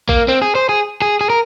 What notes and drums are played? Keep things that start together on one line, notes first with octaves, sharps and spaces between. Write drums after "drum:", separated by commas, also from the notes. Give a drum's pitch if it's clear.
A#3, drum: kick A#1
C4
G#4
C5
G#4
G#4
G#4
A#4